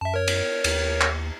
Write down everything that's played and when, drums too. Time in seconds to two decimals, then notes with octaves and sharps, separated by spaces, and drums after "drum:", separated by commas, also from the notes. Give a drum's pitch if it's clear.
0.01 F#2 E5 A5
0.14 A#4 C#5
0.28 drum: cymbal
0.64 D#2, drum: cymbal
1.01 drum: clap